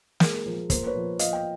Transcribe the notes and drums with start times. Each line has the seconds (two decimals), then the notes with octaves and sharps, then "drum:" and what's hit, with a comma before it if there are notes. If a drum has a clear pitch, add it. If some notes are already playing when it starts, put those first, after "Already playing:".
0.20 G#3 G#4 A#4, drum: snare
0.46 F3
0.70 A#3 A#4 C5, drum: kick, hi-hat
0.86 B4 C#5
0.95 F3
1.19 F3 D#5 F5, drum: hi-hat
1.33 G5